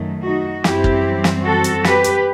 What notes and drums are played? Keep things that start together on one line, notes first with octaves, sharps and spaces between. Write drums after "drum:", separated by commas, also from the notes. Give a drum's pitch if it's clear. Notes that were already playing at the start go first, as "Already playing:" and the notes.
Already playing: F#2 D#3 A3
D#4 F#4
F#2 E3 G3 C4 E4 G4, drum: snare
drum: kick
drum: snare
F#4 A4
drum: hi-hat
G4 B4, drum: snare
drum: hi-hat